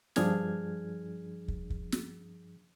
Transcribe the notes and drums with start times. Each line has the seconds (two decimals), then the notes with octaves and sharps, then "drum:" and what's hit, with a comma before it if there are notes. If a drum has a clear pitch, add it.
0.16 G2 F3 D4 G#4 F6 G#6, drum: snare
1.48 drum: kick
1.70 drum: kick
1.92 drum: snare